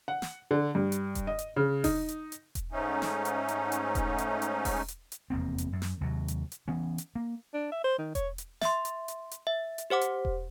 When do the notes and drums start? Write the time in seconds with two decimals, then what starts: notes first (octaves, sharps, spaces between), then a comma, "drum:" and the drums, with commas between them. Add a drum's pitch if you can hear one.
0.08 F#5
0.22 drum: snare
0.51 D3
0.75 G2
0.92 drum: hi-hat
1.15 drum: kick E1, hi-hat
1.27 D#5
1.39 drum: hi-hat
1.56 C#3
1.84 D#4, drum: kick E1, open hi-hat
2.09 drum: hi-hat
2.32 drum: hi-hat
2.55 drum: kick E1, hi-hat
2.72 G#2 A3 C#4 D#4
3.02 drum: snare
3.25 drum: hi-hat
3.48 drum: hi-hat
3.72 drum: hi-hat
3.95 drum: kick E1, hi-hat
4.18 drum: hi-hat
4.42 drum: hi-hat
4.65 drum: kick E1, open hi-hat
4.88 drum: hi-hat
5.12 drum: hi-hat
5.30 F1 E2 A#3 C4
5.58 drum: hi-hat
5.73 F#2
5.82 drum: snare
6.01 D#2 C3 F#3
6.28 drum: hi-hat
6.52 drum: hi-hat
6.68 E3 B3 C#4
6.98 drum: hi-hat
7.15 A#3
7.54 D4
7.72 E5
7.84 C5
7.99 D#3
8.15 C#5, drum: kick E1, hi-hat
8.38 drum: hi-hat
8.62 E5 C6, drum: snare
8.85 drum: hi-hat
9.08 drum: hi-hat
9.31 drum: hi-hat
9.47 E5
9.78 drum: hi-hat
9.90 G4 C5 F#5 D6
10.01 drum: hi-hat
10.25 drum: kick E1